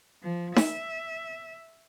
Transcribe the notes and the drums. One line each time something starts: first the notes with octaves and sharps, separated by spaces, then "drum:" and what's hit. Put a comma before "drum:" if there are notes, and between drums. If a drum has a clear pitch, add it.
F3
E5, drum: snare D#4